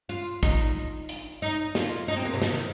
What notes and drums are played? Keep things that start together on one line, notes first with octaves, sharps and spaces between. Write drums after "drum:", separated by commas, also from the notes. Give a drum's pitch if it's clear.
F4
D#4, drum: kick, hi-hat
drum: hi-hat
D#4
F4, drum: snare
D#4
C4
A#3
C3
D#3, drum: snare
D#3